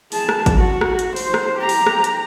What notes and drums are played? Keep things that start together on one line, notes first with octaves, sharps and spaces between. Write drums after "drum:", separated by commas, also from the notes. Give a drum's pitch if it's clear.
G#4 A5, drum: open hi-hat
drum: rim click
drum: kick, hi-hat
F#4
drum: rim click
drum: hi-hat
C5, drum: open hi-hat
drum: rim click
G4 A#5
drum: open hi-hat
drum: rim click
drum: hi-hat